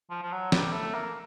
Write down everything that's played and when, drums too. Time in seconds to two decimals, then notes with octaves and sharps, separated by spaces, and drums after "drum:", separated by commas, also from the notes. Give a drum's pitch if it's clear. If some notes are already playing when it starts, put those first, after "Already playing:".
0.10 F3
0.22 F3
0.31 F#3
0.52 G3, drum: snare
0.73 A3
0.94 A#3